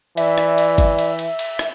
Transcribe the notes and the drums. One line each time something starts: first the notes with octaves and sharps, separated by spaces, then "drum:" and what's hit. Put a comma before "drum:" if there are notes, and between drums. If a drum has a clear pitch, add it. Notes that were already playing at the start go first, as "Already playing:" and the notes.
E3 D5 E5, drum: cymbal
drum: rim click
drum: cymbal
drum: kick G1, cymbal
drum: cymbal
drum: cymbal
drum: cymbal
drum: rim click